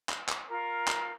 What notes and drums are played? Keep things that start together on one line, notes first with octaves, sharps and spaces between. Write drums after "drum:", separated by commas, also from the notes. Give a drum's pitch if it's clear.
drum: clap
drum: clap
F4 A#4
drum: clap